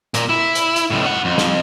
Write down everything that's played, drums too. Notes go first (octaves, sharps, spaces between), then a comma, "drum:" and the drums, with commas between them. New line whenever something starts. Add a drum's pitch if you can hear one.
A#2 A#3, drum: hi-hat
E4
drum: hi-hat
drum: hi-hat
C#2 A2
C#4 F#5
F2
drum: snare